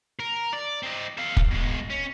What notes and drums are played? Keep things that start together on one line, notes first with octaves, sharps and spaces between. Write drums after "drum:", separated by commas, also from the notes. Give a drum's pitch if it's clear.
A#4
D5
C4 D#5
A4 F5
drum: kick
B2 G#3
C#4